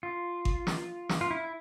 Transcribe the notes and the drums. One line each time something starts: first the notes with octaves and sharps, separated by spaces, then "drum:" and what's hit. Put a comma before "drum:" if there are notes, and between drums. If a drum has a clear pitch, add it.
F4
drum: kick G#1
drum: snare
drum: snare
F4
E4